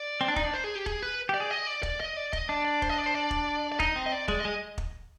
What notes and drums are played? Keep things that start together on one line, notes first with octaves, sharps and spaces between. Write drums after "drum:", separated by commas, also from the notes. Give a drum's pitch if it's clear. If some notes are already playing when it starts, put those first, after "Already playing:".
Already playing: D5
C4
D4
D#4, drum: kick
D4
C5
G#4
G4
G#4, drum: kick
B4
G4 D5
G#4
D#5
D5
D5, drum: kick
D#5
D5
D#5, drum: kick
D4 D5
D5
C5, drum: kick
D#5
D5
C5
D5
drum: kick
D5
D#4 D#5, drum: kick
C4
D#5
D5
G#3 D5, drum: kick
G#3 D#5
drum: kick